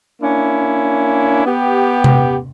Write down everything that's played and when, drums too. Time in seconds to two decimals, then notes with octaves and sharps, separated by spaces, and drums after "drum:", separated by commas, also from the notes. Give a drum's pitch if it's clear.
0.22 A#3 C#4 D4 E4
1.46 B3 G4
2.04 drum: tom C3